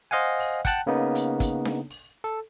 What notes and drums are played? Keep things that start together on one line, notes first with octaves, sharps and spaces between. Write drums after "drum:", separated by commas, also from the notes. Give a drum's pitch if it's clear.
C5 D#5 F5 F#5 G#5
drum: open hi-hat
F#5 G5 A5 F#6, drum: kick, hi-hat
C#3 A#3 B3 D#4
drum: hi-hat
drum: kick, hi-hat
drum: snare D4
drum: open hi-hat
A4